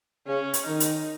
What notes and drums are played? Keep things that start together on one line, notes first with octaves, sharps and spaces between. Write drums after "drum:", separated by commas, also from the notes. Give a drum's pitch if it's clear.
C#3 C#4
drum: hi-hat
D#3 D#4
drum: hi-hat